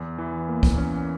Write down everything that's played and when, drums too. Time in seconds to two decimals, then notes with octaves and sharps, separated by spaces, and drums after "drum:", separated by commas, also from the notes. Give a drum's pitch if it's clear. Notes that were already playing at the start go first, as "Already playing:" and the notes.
Already playing: E2
0.18 E3
0.48 A#3
0.63 drum: kick
0.78 C#4